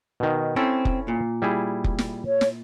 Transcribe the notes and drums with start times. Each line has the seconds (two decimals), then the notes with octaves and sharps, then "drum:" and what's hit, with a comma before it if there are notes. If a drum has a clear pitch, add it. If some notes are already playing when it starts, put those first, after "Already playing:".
0.20 B2 D#3
0.56 C4 C#4 E4 A4
0.85 drum: kick F1
1.08 A#2
1.42 G3 E4 G#4
1.84 drum: kick F1
1.99 drum: snare
2.26 C#5
2.41 drum: snare